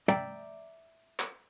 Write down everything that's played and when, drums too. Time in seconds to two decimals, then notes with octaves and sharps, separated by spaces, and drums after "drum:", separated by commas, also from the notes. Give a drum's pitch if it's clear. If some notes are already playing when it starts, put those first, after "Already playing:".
0.08 D5 E5 G5 A#5, drum: tom
1.19 drum: clap